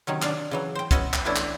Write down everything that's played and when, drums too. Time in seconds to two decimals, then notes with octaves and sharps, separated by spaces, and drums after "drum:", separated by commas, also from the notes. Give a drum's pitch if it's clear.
0.07 C3 D#3 F#3 C#4
0.22 D4 F5, drum: clap
0.51 C#3 E3 F#3
0.75 C5 G5
0.91 B3 C#4 F#4 D#5 E5 F#5, drum: kick, hi-hat
1.14 drum: clap
1.25 E3 A3 B3 C#4 D4 E4
1.36 drum: clap